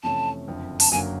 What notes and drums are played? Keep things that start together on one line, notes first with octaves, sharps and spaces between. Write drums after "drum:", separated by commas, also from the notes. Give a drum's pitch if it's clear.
F2 C3 E3 A3 C#4 A5
F#1 F2 D3
A5, drum: open hi-hat
F#1 F#2 D3 F#3 A#3 G#5